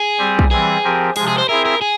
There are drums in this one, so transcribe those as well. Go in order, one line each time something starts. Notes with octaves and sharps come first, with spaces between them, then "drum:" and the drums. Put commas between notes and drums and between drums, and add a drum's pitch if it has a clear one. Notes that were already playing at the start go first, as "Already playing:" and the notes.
Already playing: G#4
G3 C4 G4
drum: kick
E3 G3 C4 G#4
F3 C4 G4 A#4
C3 F3 G#3 G#4, drum: open hi-hat
G#4
C5
C4 E4 G#4 A#4 E5
A#4
G#4